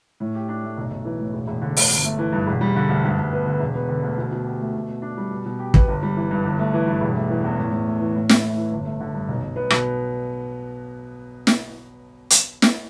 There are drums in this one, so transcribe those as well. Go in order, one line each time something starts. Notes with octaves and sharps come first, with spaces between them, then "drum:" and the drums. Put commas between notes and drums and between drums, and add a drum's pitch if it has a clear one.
A2
G4
D4
A3
B1
B1
E3
A2
E1
E1
D3
D2, drum: open hi-hat
G1
A3
E3
G2
E1
G3
D3
D2
G2
G2
B3
D3
E1
B3
D3
D2
B2
B2
G4
A3
B2
B2
D4
G3
B2
B2
G4
B3, drum: kick
G1
G3
E3
G2
G1
A3
E3
G2
E1
A3
E3
E2
A2
A2
A3
E3
A2
E4, drum: snare
A3
E3
G1
A3
D3
G2
B1
B1
B3
B2, drum: rim click
drum: snare
drum: hi-hat
drum: snare